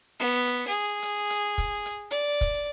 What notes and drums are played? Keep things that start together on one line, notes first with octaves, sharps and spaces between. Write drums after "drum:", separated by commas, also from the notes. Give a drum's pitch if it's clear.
B3, drum: hi-hat
drum: hi-hat
G#4
drum: hi-hat
drum: hi-hat
drum: kick, hi-hat
drum: hi-hat
D5, drum: hi-hat
drum: kick, hi-hat